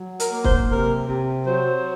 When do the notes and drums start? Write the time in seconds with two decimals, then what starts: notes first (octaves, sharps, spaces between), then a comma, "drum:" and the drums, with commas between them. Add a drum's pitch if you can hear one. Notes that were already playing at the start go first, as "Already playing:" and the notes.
Already playing: F#3
0.20 A#4, drum: hi-hat
0.31 A#3
0.44 C5, drum: kick
0.69 C3 A#4
1.07 C3
1.45 F#3 C5